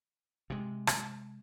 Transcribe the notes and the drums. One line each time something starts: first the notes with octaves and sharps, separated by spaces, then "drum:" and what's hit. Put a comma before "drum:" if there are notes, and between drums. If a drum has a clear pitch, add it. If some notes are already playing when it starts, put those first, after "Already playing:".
C3 G#3
drum: rim click